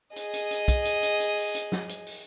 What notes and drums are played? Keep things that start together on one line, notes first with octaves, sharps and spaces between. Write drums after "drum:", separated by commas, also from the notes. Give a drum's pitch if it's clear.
G#4 D#5, drum: hi-hat
drum: hi-hat
drum: hi-hat
drum: kick, hi-hat
drum: hi-hat
drum: hi-hat
drum: hi-hat
drum: open hi-hat
drum: hi-hat
drum: snare
drum: hi-hat
drum: open hi-hat